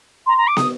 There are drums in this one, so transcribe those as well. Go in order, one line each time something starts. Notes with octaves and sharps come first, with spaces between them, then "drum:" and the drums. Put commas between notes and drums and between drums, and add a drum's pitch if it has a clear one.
A#5 C6
A#5
D6
D#6, drum: snare